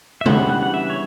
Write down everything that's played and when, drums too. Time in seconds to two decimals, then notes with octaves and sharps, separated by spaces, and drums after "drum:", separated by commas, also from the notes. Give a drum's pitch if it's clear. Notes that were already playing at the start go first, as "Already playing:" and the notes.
0.21 E5
0.26 C#3 E3 G3 B3 D4 F#5, drum: tom
0.49 F#5
0.63 F#5
0.74 E5
0.90 C#5